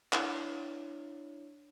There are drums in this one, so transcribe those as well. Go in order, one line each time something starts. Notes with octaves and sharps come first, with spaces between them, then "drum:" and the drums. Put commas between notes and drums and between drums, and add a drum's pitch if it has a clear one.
D4 E4 C#5, drum: clap